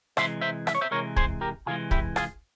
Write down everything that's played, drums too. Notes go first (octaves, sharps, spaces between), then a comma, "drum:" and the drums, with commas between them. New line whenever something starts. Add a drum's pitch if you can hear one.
C3 E3 G#3 C5 E5, drum: rim click
C5 E5
E5, drum: rim click
C#5
C5 E5
C3 E3 G#3 A#4 C#5
G#4 C5, drum: kick
G4 A#4
C3 E3 G#3 F4 G#4
E4 G4, drum: kick
F4 G#4, drum: rim click